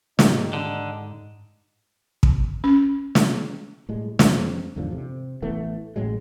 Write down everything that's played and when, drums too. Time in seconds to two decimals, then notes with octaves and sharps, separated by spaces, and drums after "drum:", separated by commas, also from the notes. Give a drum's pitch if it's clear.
0.19 G#2 D#3 D#4 G4, drum: snare
0.53 D3
2.23 drum: kick
2.64 C#4
3.15 drum: snare
3.89 A2 G3 G#3
4.19 F2 C4, drum: snare
4.76 E2 G#2 D3 F3
4.92 C3
5.42 A1 E3 A3 B3
5.96 A1 A2 F#3 G#3